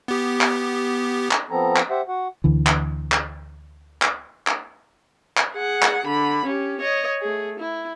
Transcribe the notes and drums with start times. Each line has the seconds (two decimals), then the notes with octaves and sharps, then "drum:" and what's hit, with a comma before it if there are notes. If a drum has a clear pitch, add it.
0.08 B3 G4
0.41 drum: clap
1.31 drum: clap
1.50 F3 B3 C4 A4 A#5
1.76 drum: clap
1.90 G4 C5 E5 F#5
2.08 F#4 F#5
2.44 D2 D3 E3
2.67 drum: clap
3.12 drum: clap
4.02 drum: clap
4.47 drum: clap
5.37 drum: clap
5.54 G#4 F#5
5.82 drum: clap
6.06 D3 B5
6.46 C#4 G4
6.81 C#5 D#5
7.21 A3 G#4
7.59 E4